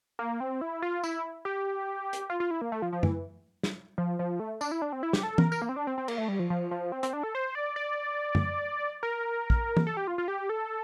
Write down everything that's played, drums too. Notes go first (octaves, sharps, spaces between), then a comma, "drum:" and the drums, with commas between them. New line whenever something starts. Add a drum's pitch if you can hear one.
A#3
C4
E4
F4
E4, drum: tambourine
G4
drum: hi-hat
F4
F4
E4
A#3
A3
F3
F3
E3, drum: tom F#2
drum: snare
F3
F3
A3
D4, drum: tambourine
E4
D4
C4
E4
G4, drum: snare
A4
A#4, drum: tom E3
A#4, drum: tambourine
A#3
C4
D4
C4
C4
A#3, drum: cymbal
A3
G3
F3
F3
F3
C4
C4, drum: hi-hat
D4
A4
C5
D5
D5
drum: tom F#2
A#4
drum: kick
drum: tom
A4
G4
F4
F4
G4
A4